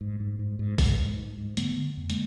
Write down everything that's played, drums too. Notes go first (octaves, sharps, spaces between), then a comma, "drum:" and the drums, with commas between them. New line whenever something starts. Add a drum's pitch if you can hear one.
G#2
G#2
G#2
G#2
G#2, drum: kick, open hi-hat
G#2
G#2
G#2
D3 A3 B3, drum: hi-hat
D3
F2
G#3 A#3, drum: hi-hat